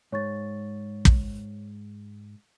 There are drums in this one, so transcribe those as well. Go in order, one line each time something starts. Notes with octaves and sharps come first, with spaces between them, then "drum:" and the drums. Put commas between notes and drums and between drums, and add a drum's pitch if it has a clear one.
G#2 C#5 C#6 A6
drum: kick